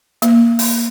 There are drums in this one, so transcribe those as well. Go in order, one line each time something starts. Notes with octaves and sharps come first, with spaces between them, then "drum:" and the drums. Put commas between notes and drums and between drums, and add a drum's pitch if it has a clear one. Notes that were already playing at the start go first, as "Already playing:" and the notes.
A#3, drum: hi-hat
drum: open hi-hat